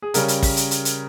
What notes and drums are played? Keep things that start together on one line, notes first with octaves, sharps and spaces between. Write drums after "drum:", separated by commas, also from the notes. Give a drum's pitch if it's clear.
G#4
C#3 G3 C#4 A#4, drum: hi-hat
drum: hi-hat
drum: kick, open hi-hat
drum: hi-hat
drum: hi-hat
drum: hi-hat